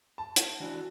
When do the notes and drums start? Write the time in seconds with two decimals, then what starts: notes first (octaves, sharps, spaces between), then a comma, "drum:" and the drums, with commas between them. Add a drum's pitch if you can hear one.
0.18 A5
0.36 drum: hi-hat
0.60 E3 D4 F#4